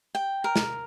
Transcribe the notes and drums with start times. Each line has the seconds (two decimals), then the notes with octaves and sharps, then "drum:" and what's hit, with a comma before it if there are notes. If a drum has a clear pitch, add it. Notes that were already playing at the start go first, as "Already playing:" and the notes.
0.15 G5
0.44 A#4
0.56 drum: snare